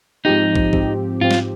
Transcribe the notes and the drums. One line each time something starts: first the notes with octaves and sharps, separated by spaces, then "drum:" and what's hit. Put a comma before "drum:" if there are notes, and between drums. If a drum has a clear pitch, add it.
G#2 F3 C4 D#4 G4
drum: kick
G#2 F3 C4 G4, drum: kick
G#2 F3 C4 F4 G4
drum: snare